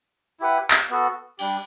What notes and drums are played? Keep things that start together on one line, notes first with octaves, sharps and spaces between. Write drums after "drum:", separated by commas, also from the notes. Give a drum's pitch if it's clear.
E4 G4 B4 F#5
drum: clap
B3 F#4 A4
G3 D4 G4, drum: cymbal